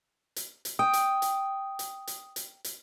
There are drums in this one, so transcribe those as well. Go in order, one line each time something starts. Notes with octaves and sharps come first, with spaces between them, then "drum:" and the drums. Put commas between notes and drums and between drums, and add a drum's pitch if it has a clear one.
drum: hi-hat
drum: hi-hat
G5 D#6
drum: hi-hat
drum: hi-hat
drum: hi-hat
drum: hi-hat
drum: hi-hat
drum: hi-hat